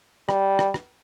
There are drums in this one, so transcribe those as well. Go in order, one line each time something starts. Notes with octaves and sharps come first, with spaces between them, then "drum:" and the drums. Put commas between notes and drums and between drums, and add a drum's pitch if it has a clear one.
G3, drum: rim click
drum: rim click
drum: rim click